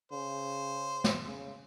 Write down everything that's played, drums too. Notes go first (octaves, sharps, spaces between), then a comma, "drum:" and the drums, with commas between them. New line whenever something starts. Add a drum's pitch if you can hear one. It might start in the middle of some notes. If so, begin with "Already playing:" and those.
C#3 C5
drum: snare
C#3